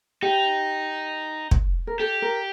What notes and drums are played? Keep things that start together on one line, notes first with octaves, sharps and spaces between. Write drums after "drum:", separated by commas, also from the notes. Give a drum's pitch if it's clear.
D#4 G4
drum: kick
A#4
G4 A4
A#4